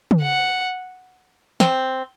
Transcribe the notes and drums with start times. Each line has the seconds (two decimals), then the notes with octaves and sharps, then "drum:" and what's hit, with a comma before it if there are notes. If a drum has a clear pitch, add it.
0.11 drum: tom
0.22 F#5
1.60 C4, drum: snare